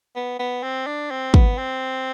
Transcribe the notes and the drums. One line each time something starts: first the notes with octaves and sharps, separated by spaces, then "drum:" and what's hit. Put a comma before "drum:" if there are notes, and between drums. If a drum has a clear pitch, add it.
B3
B3
C4
D4
C4
B3, drum: kick
C4